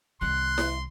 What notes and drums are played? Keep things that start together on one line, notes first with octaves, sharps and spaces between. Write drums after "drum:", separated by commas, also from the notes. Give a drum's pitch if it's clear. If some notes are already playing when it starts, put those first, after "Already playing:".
C2 D#3 C6 F#6
drum: snare E4